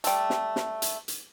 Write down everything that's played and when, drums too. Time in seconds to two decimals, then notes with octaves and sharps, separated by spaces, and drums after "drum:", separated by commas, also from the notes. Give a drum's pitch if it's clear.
0.04 G3 A3, drum: hi-hat
0.30 drum: snare
0.56 drum: snare
0.82 drum: hi-hat
1.08 drum: hi-hat